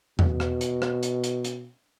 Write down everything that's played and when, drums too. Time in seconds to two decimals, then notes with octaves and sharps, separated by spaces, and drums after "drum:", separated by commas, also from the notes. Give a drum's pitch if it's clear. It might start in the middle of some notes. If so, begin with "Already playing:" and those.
0.19 B2, drum: tom E2
0.40 drum: rim click
0.61 drum: hi-hat
0.82 drum: rim click
1.03 drum: hi-hat
1.24 drum: hi-hat
1.44 drum: hi-hat